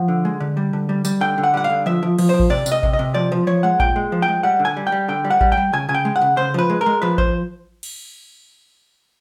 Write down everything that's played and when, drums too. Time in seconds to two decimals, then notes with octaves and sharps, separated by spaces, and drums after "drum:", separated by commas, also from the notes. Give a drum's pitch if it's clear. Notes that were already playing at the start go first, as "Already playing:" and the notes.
Already playing: F3 F#5
0.08 D3
0.25 G#3
0.40 D3
0.57 G3
0.73 D3
0.89 G3
1.05 G3, drum: tambourine
1.21 D3 G5
1.38 D3
1.43 F#5
1.54 G3 F#5
1.64 F5
1.70 D3
1.86 F3 E5
2.03 F3
2.18 F3, drum: cymbal
2.29 F3 C5
2.40 drum: kick A1
2.50 C3 D5
2.66 C3, drum: tambourine
2.72 D#5
2.83 C3, drum: kick A1
2.93 D#5
2.99 C3
3.14 F3 D5
3.32 F3
3.47 F3 C#5
3.63 G#3 F#5
3.80 A#2 G5, drum: kick A1
3.96 G#3
4.12 F3
4.22 G5
4.28 G#3
4.43 G3 F#5
4.60 D3
4.65 G#5
4.77 G3
4.87 G5
4.92 G3
5.08 D3 G5
5.25 G3
5.30 F#5
5.41 G3, drum: kick A1
5.52 G5
5.57 G3
5.73 C#3 G#5
5.89 C#3 G#5
5.95 G5
6.05 G#3
6.16 F#5
6.22 C#3
6.37 C#3 C5
6.54 F3 B4
6.70 G#3
6.81 A#4
6.86 G#3
7.02 F3 B4
7.18 C5, drum: kick A1
7.83 drum: cymbal